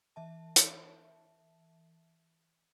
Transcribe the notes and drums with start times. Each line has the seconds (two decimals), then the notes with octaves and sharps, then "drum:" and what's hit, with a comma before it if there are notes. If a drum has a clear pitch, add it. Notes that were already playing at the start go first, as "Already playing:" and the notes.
0.16 E3 E5 A5
0.56 drum: hi-hat